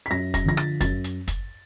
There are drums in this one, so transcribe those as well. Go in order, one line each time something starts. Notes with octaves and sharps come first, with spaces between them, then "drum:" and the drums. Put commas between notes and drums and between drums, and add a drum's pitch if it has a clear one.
B6
F#2 A#6
A#6, drum: kick, hi-hat
D3 F3 A#6
A6, drum: rim click
F#2 A6, drum: kick, hi-hat
drum: hi-hat
drum: kick, hi-hat